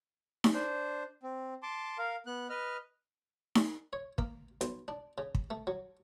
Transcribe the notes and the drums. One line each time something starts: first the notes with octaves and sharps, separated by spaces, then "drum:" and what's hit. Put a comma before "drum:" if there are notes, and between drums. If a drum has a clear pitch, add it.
drum: snare D#4
D4 C5
C4
A5 C6 D6
A#4 F5
B3 F#6
B4 D#5 F6
drum: snare D#4
C#5
A#3, drum: kick
B1, drum: hi-hat
D4
C#3
drum: kick
A3
F#3